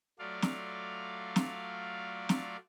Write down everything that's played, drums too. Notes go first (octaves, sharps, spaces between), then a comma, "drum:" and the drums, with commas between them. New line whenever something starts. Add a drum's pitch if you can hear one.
F#3 A3 F4 D5 F5
drum: snare
drum: snare
drum: snare